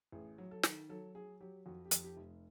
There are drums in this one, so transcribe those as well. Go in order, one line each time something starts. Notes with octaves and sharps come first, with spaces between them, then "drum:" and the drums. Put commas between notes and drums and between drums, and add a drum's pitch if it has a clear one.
A1 G#4
F#3
A4
D#3, drum: snare
F#3 A4
F#3 G#4
F#3 G4
F2 F#4
G4
F2, drum: hi-hat
G4
F1